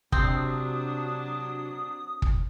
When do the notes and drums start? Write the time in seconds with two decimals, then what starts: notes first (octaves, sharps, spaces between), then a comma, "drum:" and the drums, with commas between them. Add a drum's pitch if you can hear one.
0.12 C3 F#3 C4 D4 D#6, drum: kick
2.22 drum: kick